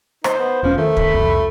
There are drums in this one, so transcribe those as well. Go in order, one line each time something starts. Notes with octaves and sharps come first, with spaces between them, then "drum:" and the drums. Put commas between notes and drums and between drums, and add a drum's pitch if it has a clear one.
D#4 C5, drum: rim click
B3
E1 F3 C#4
D#3 A3
B5, drum: kick
C2 F2